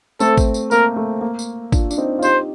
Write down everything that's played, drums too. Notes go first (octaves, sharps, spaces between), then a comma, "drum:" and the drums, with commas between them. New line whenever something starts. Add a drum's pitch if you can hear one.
A3 C4 A4, drum: tambourine
drum: kick, tambourine
drum: tambourine
A#3 A#4, drum: tambourine
A3
A#3
drum: tambourine
D4 F4, drum: kick, tambourine
D4, drum: tambourine
C4 D#4
F4
D#4 G4 C5, drum: tambourine